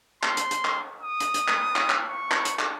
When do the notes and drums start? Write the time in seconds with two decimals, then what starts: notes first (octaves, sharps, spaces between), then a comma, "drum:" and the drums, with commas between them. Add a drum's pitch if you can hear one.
0.23 C6, drum: clap
0.37 drum: hi-hat
0.51 drum: hi-hat
0.65 drum: clap
1.02 D#6
1.20 drum: hi-hat
1.34 drum: hi-hat
1.48 drum: clap
1.76 drum: clap
1.90 drum: clap
2.09 C#6
2.31 drum: clap
2.45 drum: hi-hat
2.59 drum: clap